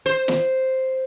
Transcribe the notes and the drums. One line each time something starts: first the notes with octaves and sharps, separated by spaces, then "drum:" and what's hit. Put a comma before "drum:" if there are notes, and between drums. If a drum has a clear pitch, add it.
C5
drum: snare